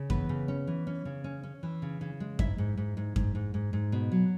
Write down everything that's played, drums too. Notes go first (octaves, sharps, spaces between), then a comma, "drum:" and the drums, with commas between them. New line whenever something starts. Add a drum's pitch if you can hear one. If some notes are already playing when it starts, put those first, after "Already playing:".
Already playing: C#3
E3 B3 B4, drum: kick F#2
C#3
C#4
E3
C#4
C#3
C#4
C#4
E3
C#3
C#3
G#3
G#2 E4 E5, drum: kick F#2
G#2
G#2
G#2
G#2, drum: kick F#2
G#2
G#2
G#2
B2
F#3